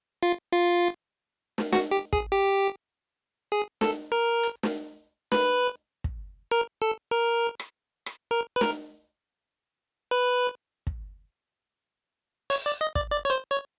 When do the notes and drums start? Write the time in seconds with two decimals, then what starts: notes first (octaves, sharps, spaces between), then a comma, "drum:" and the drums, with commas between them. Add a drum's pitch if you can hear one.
0.23 F4
0.52 F4
1.58 drum: snare
1.72 F#4, drum: snare
1.91 G4
2.13 G#4, drum: kick
2.32 G4
3.52 G#4
3.81 A4, drum: snare
4.12 A#4
4.43 drum: hi-hat
4.63 drum: snare
5.32 B4, drum: snare
6.04 drum: kick
6.51 A#4
6.82 A4
7.11 A#4
7.59 drum: rim click
8.06 drum: rim click
8.31 A#4
8.56 B4
8.61 A#4, drum: snare
10.11 B4
10.87 drum: kick
12.50 C#5, drum: open hi-hat
12.66 D5
12.81 D#5
12.95 D5, drum: kick
13.11 D5
13.25 C#5
13.30 C5
13.51 C#5